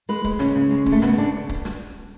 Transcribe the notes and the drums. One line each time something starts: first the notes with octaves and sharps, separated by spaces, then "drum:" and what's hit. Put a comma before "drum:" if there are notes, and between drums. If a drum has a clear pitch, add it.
G#3 B4
G#3, drum: kick C#1
C#3 C#4, drum: snare
C#3
G#3
G#3, drum: kick C#1
A3
C#3 B3, drum: snare
C#3 D4
drum: kick C#1
drum: snare